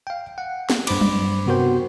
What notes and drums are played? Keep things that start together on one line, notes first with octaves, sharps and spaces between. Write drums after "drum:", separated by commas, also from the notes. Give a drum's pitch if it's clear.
F5 G5
F#5
drum: snare
G2 C5 B5 D6, drum: cymbal
drum: tom F#3
C3 B3 F#4 A#4 C5 G5